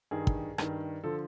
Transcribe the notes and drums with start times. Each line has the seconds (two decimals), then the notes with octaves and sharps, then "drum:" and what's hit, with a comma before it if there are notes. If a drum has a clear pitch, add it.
0.11 G2 D#3 G#4
0.27 drum: kick
0.58 G2 D#3, drum: rim click
1.04 D3 F3 A4